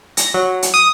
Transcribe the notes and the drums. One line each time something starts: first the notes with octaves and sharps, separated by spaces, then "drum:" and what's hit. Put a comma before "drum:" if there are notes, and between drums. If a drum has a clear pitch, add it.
A#6, drum: hi-hat
F#3
drum: hi-hat
D#6